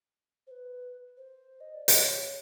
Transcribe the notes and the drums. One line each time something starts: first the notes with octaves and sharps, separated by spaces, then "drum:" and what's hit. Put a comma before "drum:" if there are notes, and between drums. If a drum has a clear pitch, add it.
C5
B4
C5
D#5
D5
C#5, drum: hi-hat